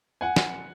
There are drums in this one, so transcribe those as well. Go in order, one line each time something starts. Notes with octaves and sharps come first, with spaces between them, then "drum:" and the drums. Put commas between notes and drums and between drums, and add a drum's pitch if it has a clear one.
F#5 G#5
drum: snare